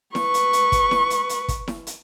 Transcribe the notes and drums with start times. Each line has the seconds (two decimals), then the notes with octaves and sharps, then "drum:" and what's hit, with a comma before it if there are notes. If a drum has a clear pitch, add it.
0.15 B4 C#6, drum: snare E4
0.34 drum: hi-hat
0.53 drum: hi-hat
0.72 drum: kick, hi-hat
0.91 drum: snare E4
1.10 drum: hi-hat
1.29 drum: hi-hat
1.48 drum: kick, hi-hat
1.68 drum: snare E4
1.87 drum: hi-hat